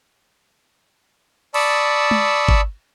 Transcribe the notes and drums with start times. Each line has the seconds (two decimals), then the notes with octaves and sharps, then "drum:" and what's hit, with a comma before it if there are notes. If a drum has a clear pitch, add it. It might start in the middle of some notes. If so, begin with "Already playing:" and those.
1.54 D5 A5 B5 C#6 D#6 E6, drum: cymbal
2.11 drum: tom
2.49 drum: kick